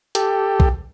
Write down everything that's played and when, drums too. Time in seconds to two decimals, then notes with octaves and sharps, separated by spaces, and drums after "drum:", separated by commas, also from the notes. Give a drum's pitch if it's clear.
0.15 G4 A4, drum: hi-hat
0.60 drum: kick B1